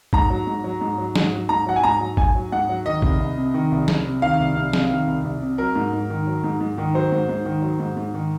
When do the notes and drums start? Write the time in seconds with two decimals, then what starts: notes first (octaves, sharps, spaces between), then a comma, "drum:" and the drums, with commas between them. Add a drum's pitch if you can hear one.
0.13 G#2 A#5, drum: kick
0.30 F#3
0.47 G#2
0.64 F#3
0.81 G#2
0.98 F#3
1.16 G#2, drum: snare
1.33 F#3
1.49 G#2 A#5
1.66 F#3 F#5
1.76 G#5
1.83 G#2 A#5
2.00 F#3
2.17 G#2 G#5, drum: kick
2.35 F#3
2.52 G#2 F#5
2.69 F#3
2.86 D#3 D#5
3.02 C2, drum: kick
3.20 C2
3.38 C3
3.54 D#3
3.72 C2
3.88 C2, drum: snare
4.06 C3
4.22 D#3 F5
4.40 C2
4.56 C2
4.73 C3, drum: snare
4.90 D#3
5.07 C2
5.25 C2
5.42 C3
5.58 F#3 A#4
5.76 G#2
5.93 G#2
6.10 D#3
6.27 F#3
6.44 G#2
6.60 G#2
6.78 D#3
6.94 F#3 C5
7.12 G#2
7.29 G#2
7.45 D#3
7.62 F#3
7.80 G#2
7.97 G#2
8.14 D#3